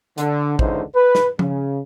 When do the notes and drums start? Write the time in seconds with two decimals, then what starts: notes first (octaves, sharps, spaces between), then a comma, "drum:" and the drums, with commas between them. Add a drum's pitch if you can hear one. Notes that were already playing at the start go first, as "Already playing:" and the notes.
0.18 D3, drum: hi-hat
0.59 C#2 D3 E3 D#4 C5, drum: kick
0.95 B4
1.15 drum: snare
1.39 C#3, drum: tom F3